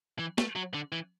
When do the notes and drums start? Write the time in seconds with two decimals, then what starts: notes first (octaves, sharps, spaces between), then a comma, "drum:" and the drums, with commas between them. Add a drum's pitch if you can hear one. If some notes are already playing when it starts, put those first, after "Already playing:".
0.19 E3
0.38 A3, drum: snare
0.56 F#3
0.74 D3
0.92 E3